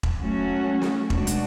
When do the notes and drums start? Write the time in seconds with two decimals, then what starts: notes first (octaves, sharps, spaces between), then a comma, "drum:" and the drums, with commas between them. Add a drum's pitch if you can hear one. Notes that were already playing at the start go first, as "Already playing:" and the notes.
0.03 drum: kick E1
0.20 F#3 A3 C#4 F#4
0.82 drum: snare
1.10 B2 G#3 D4 F#4, drum: kick E1
1.27 drum: hi-hat